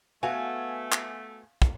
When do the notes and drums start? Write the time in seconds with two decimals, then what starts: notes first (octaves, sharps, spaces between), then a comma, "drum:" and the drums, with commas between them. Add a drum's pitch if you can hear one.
0.23 A3 B3 F#4 F5 G#5
0.92 drum: clap
1.62 drum: kick